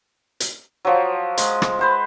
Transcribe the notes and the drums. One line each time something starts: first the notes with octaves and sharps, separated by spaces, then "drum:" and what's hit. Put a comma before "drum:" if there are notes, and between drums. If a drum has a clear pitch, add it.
drum: hi-hat
F3 F#3
G#3, drum: hi-hat
drum: rim click
B4 C5 F#5